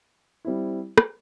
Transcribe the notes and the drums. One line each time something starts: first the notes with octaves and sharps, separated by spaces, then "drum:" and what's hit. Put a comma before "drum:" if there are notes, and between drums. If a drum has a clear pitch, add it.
G3 C4 E4
drum: rim click